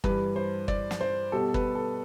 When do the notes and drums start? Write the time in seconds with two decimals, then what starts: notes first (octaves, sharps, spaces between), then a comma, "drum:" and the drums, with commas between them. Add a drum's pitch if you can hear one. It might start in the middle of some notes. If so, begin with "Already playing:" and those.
0.04 G2 E3 G3 B4, drum: kick
0.36 C5
0.68 D5, drum: kick
0.91 drum: snare
1.01 C5
1.32 B2 G3 A4
1.54 B4, drum: kick
1.75 A4